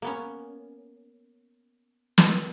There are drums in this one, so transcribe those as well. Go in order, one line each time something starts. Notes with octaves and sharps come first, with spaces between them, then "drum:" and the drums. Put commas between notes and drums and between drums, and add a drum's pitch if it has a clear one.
A#3 B3 C#4
drum: snare